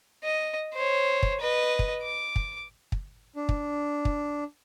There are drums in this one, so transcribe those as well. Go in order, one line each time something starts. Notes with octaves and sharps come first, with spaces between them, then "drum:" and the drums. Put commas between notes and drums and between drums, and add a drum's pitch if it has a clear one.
D#5
C5 C#5
drum: kick
B4 D#5
drum: kick
D6
drum: kick
drum: kick
D4
drum: kick
drum: kick